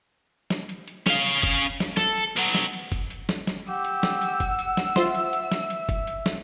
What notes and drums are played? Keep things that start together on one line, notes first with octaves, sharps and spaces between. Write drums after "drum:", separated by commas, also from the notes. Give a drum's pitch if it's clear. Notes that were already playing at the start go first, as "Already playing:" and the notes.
drum: snare
drum: hi-hat
drum: hi-hat
C#4 F5, drum: snare
drum: hi-hat
drum: kick, hi-hat
drum: hi-hat
drum: snare
A4, drum: snare
drum: hi-hat
B1 F#3, drum: hi-hat
drum: snare
drum: hi-hat
drum: kick, hi-hat
drum: hi-hat
drum: snare
drum: snare
G4 F#5 E6
drum: hi-hat
drum: snare
drum: hi-hat
drum: kick, hi-hat
drum: hi-hat
drum: snare
F4 C5 E5 C6, drum: snare
drum: hi-hat
drum: hi-hat
drum: snare
drum: hi-hat
drum: kick, hi-hat
drum: hi-hat
drum: snare